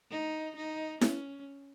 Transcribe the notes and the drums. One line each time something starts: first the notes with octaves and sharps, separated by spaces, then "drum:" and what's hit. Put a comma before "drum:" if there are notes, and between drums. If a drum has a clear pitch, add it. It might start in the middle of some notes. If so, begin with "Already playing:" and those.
D#4
D#4
C#4, drum: snare E4